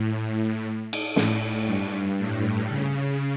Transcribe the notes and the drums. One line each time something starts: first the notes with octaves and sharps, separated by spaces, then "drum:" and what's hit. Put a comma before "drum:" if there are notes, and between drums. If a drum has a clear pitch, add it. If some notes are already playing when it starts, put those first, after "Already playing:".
Already playing: A2
drum: cymbal
A2, drum: snare
G2
A2
C#3